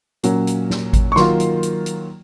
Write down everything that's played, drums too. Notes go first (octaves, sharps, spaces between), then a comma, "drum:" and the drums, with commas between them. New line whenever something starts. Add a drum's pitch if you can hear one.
A#2 F#3 A#3 C#4, drum: hi-hat
drum: hi-hat
drum: snare
drum: kick G#1, hi-hat
C#6
D#3 F#3 A#3 F4 C6, drum: snare
drum: hi-hat
drum: hi-hat
drum: hi-hat